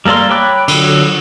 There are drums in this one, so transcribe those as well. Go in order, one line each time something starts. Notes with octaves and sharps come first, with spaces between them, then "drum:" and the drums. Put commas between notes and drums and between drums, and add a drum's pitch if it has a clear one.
G3 A#3 A4 D5 C6
C#5 G5 B5 D6 F#6
D3 F#3, drum: cymbal